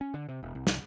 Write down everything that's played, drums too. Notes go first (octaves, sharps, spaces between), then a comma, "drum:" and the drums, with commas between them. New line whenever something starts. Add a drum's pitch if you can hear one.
C#4
D3
C3
E1
C2
C2, drum: snare